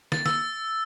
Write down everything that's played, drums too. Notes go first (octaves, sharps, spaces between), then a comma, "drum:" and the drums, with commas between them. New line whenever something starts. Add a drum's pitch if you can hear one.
A6, drum: snare
E6, drum: snare